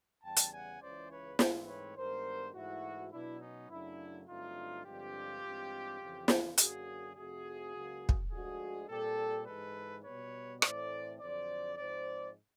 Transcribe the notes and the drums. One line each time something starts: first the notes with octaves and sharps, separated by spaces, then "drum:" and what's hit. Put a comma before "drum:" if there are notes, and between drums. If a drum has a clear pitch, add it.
E2 C#3 E3 G3 G5 A5
drum: hi-hat
F#5 G#5
C#2 C#3 E3 C5 D5
B4 C#5
G#2 E3 A3 C4, drum: snare
B4 C#5
G2 D#3 G#3 B3 A#4 C5
G#2 E3 A3 E4 F#4
B2 F#3 B3 D4 E4
C#4 D#4
F#2 C#3 F#3 A3 D4 E4
G2 D3 F#3 A3 C4 D#4 F4
G2 D3 F3 G#3 C4 F4 G4
G2 E3 G#3 C4
F2 C#3 E3
drum: snare
F#2 D3 F#3 A#3 F#4 G#4, drum: hi-hat
F2 C3 F3 A3 F#4 G#4
C#2 C#3 F#3 A#3
drum: kick
D2 D3 F3 G#3 F#4 G#4
A#2 G3 C4 G4 A4
G#2 E3 G#3 A4 B4
B2 G3 B3 B4 C#5
A2 E3 A3 C4 C5 D5, drum: rim click
F2 D3 F#3 C5 D5
G#2 F3 G#3 C4 C5 D5